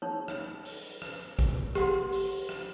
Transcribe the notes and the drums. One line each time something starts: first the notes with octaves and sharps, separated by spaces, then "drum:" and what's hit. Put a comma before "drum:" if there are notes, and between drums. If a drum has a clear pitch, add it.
D#4 C#5
drum: rim click
drum: open hi-hat
drum: rim click
drum: kick, hi-hat
G4 F#5 C6, drum: rim click
drum: open hi-hat
drum: rim click